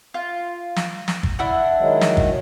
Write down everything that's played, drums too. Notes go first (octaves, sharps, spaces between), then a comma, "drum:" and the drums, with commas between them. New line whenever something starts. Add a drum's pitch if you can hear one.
F4
drum: snare
drum: snare
drum: kick
D4 E4 F#5
D#3 F#3 G#3
drum: snare
drum: kick